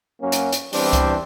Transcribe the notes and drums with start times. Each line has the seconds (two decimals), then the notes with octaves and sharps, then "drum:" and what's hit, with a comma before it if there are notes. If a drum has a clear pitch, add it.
0.21 F#2 F#3 A#3 C#4
0.32 drum: hi-hat
0.52 drum: hi-hat
0.73 E2 E3 G3 C4 D4, drum: open hi-hat
0.93 drum: kick C#2, hi-hat